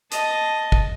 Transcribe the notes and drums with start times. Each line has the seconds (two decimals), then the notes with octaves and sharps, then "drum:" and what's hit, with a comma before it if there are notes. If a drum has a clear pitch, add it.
0.12 D#5 A5, drum: hi-hat
0.72 drum: kick